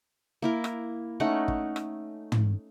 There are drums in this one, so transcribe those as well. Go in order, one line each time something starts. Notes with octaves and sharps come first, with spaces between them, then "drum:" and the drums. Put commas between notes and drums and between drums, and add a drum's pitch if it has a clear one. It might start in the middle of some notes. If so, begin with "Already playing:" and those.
A#3 E4 A#4
drum: rim click
A3 C#4 D#4 F#5
drum: kick
drum: rim click
drum: tom